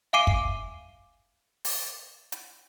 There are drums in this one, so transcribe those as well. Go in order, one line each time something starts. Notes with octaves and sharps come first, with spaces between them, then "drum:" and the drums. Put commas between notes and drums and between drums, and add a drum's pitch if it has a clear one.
E5 F5 G#5 D6 C7 D#7
drum: kick
drum: open hi-hat
drum: hi-hat